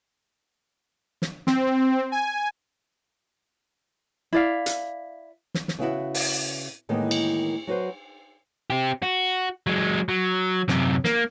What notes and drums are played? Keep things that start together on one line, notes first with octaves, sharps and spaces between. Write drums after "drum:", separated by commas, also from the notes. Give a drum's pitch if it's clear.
drum: snare
C4, drum: snare
G#5
E4 D5 F5
drum: hi-hat
drum: snare
drum: snare
C#3 B3 E4 F#4
drum: open hi-hat
A2 D#3 E3 G#3 A#3 B3
drum: cymbal
F#3 F#4 B4 C5
C4 G4
F#4
F#3 G#3
F#3
F#2 C3, drum: snare
A#3, drum: snare